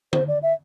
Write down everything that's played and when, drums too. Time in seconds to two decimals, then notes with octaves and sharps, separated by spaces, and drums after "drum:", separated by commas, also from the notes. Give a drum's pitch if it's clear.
0.13 C5, drum: tom D3
0.28 D5
0.43 E5